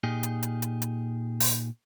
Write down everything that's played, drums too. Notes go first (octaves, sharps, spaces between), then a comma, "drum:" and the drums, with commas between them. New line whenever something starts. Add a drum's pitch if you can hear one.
A#2 D#4 G4 G#4
drum: hi-hat
drum: hi-hat
drum: hi-hat
drum: hi-hat
drum: open hi-hat